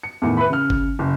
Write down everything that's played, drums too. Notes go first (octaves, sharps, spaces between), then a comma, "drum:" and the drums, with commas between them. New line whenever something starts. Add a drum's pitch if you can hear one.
C#7
E2 A2 D#3
B4 E5 B5
C#3 F6
drum: kick G1
F#1